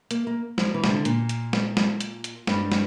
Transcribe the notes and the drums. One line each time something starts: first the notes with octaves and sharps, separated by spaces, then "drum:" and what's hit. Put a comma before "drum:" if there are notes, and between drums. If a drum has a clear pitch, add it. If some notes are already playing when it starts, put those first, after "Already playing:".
A#3, drum: hi-hat
A#3
F3, drum: snare
E3
C3, drum: snare
D3
A#2, drum: hi-hat
drum: hi-hat
drum: snare
drum: snare
drum: hi-hat
drum: hi-hat
G2, drum: snare
drum: snare